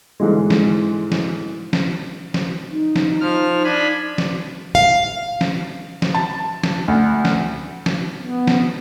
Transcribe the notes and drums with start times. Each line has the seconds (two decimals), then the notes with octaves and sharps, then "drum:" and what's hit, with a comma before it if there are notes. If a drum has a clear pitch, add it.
0.20 G#2 D3 E3 G#3
0.50 drum: snare
1.12 drum: snare
1.73 drum: snare
2.34 drum: snare
2.71 D#4
2.96 drum: snare
3.21 F3 F6
3.64 D4 G#5 B5
4.18 drum: snare
4.75 F5
5.41 drum: snare
6.02 drum: snare
6.15 A5
6.63 drum: snare
6.88 D2
7.25 drum: snare
7.86 drum: snare
8.22 B3
8.47 drum: snare